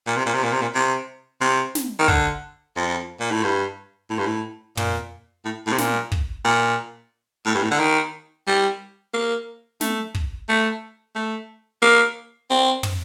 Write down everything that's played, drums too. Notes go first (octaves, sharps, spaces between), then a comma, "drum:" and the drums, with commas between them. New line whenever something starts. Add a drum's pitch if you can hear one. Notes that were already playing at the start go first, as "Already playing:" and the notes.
A#2
C3
A#2
C3
A#2
C3
A#2
C3
C3
drum: snare
D#3
D3, drum: kick
F2
A#2
A2
G2
A2
G2
A2
A#2, drum: tom
A2
A2
C3
A#2, drum: snare
drum: kick
A#2
A2
G2
A2
D3
D#3
G3
A#3
A3, drum: snare
drum: kick
A3
A3
A#3
C4
drum: tom